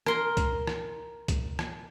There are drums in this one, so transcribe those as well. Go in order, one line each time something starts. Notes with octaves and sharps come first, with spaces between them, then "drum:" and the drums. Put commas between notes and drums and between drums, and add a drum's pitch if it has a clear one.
A#4 C6, drum: rim click
drum: kick, hi-hat
drum: rim click
drum: kick, hi-hat
drum: rim click